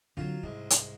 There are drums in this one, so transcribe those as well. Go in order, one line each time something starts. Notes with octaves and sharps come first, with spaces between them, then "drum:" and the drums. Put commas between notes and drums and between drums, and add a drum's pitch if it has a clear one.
D3 F#3 C4 F4
C2 G#2 E4
drum: hi-hat